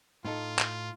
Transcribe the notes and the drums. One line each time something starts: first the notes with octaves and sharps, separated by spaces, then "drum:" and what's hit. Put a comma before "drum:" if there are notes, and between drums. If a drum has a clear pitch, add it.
A2 D#4 F4 A4
drum: clap